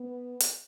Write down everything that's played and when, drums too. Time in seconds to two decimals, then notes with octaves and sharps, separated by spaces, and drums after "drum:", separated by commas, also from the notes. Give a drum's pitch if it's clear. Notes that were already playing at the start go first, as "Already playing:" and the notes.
Already playing: B3
0.40 drum: hi-hat